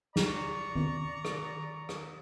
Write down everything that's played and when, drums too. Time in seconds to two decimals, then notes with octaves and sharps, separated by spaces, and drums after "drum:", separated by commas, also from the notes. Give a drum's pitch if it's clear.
0.16 D5 A#5 C#6, drum: snare
0.75 drum: tom
1.25 drum: rim click
1.89 drum: rim click